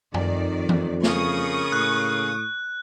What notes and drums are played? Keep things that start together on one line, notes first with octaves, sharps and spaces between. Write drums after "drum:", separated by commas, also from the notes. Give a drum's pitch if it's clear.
F2 D#3 D5, drum: tom F#2
drum: tom E3
C#3 A#3 C#6 D#6, drum: snare
A2 F#6